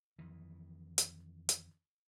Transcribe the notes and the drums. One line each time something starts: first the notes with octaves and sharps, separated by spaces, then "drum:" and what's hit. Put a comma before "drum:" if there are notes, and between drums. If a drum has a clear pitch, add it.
F2 D#3 E3
drum: hi-hat
drum: hi-hat